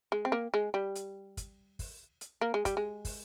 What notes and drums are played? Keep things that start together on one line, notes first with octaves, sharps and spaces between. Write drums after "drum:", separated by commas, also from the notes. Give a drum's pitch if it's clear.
G#3
C4
A#3
G#3
G3
drum: hi-hat
drum: kick, hi-hat
drum: kick, open hi-hat
drum: hi-hat
A#3
G#3
G3, drum: kick, hi-hat
G#3
drum: kick, open hi-hat